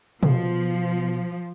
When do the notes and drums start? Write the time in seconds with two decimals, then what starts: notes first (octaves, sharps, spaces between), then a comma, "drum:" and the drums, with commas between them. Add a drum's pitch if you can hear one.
0.23 B2 F3, drum: tom